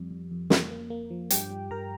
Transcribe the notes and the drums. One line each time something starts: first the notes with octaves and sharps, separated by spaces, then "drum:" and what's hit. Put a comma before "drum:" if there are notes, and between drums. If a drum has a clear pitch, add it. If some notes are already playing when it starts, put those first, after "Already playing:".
Already playing: F2 G3
F2
F2
A#3, drum: snare
A#3
A#3
F3
G2 G4 G5, drum: hi-hat
G3
G2 A#4 A#5